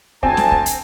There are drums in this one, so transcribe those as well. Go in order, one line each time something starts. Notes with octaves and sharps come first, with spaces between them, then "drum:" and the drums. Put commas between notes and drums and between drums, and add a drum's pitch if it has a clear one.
D2 C4 G#5 A5, drum: kick
drum: snare
drum: kick
drum: hi-hat